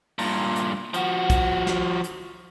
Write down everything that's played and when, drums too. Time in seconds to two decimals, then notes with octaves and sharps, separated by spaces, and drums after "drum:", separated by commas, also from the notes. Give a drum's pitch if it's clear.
0.19 G2 A#2, drum: open hi-hat
0.56 drum: hi-hat
0.94 F3 F#4, drum: hi-hat
1.30 drum: kick B1, hi-hat
1.67 drum: snare
2.04 drum: hi-hat